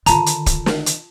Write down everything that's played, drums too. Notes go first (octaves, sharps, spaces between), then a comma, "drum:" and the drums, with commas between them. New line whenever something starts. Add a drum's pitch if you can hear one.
D3 D#3 F4 A5 A#5, drum: hi-hat
drum: hi-hat
drum: kick, hi-hat
drum: snare
drum: hi-hat